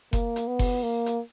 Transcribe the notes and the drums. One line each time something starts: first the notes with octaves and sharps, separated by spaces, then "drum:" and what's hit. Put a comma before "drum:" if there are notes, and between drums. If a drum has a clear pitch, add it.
A#3, drum: kick F#1, hi-hat
drum: hi-hat
B3
drum: kick F#1, open hi-hat
A#3
drum: hi-hat